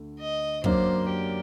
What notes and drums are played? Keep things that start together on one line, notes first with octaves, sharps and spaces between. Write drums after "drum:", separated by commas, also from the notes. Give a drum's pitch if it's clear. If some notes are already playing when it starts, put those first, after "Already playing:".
Already playing: D2 D3 A3
D#5
F#2 F#3 A#3 D4 C5, drum: kick
G4